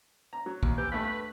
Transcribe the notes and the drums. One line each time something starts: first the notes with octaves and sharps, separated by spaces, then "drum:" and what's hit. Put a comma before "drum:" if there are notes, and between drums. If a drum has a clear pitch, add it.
A#5
F#3
D#2, drum: kick
E3 G4
G2 A3 B4